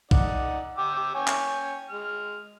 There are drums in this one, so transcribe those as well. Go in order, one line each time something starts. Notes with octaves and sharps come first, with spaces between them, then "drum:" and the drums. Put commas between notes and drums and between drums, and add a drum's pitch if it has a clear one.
D#4 D5 F#5, drum: kick
G5 D6 E6
C#5 G5 G#5
drum: clap
G#3 F6